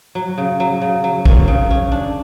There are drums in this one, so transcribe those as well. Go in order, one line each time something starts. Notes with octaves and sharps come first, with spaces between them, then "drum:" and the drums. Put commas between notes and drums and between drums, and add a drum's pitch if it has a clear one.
F#3
C#3
F#3
C#3
F#3
C#4, drum: kick
C#3
C#4
D4